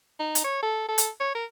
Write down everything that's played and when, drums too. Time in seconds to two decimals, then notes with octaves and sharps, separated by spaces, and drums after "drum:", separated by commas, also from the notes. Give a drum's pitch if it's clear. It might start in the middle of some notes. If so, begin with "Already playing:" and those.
0.19 D#4
0.35 drum: hi-hat
0.44 C#5
0.62 A4
0.88 A4
0.98 drum: hi-hat
1.20 C#5
1.35 A#4